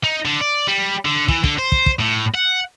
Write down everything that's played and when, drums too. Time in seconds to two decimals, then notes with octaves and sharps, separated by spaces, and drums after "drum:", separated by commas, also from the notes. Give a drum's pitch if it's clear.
0.04 D#4
0.25 D3
0.41 D5
0.68 G3
1.05 D3
1.28 E3, drum: kick
1.44 D3, drum: kick
1.58 C5
1.72 drum: kick
1.86 drum: kick
2.00 A2
2.35 F#5